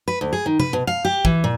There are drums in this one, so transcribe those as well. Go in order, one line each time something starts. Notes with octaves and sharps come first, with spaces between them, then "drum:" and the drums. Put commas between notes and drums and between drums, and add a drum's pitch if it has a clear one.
B4
D2
G#4
D#3
B4, drum: tom C3
B2
F5
G4
E3, drum: kick
A#2